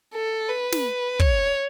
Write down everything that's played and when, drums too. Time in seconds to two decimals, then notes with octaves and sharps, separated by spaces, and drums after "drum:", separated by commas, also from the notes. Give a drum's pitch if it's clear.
0.14 A4
0.49 B4
0.72 drum: snare
1.19 C#5, drum: kick